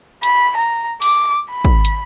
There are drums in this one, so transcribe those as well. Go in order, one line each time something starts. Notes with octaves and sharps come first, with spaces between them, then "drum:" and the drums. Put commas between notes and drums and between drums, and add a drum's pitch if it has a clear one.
B5, drum: hi-hat
A#5
D6, drum: open hi-hat
B5
drum: kick
drum: hi-hat